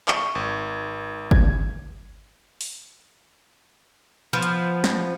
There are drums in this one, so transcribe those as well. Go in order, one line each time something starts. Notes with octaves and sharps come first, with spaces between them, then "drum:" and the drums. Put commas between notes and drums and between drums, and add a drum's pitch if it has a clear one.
C#6, drum: clap
G#1
G#6, drum: kick G1
drum: open hi-hat
F3 B3
drum: hi-hat
drum: snare